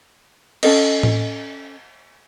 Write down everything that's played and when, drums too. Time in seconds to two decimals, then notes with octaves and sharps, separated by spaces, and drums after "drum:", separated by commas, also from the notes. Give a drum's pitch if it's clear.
0.63 C#4 A4 D#5, drum: cymbal
1.03 drum: tom A2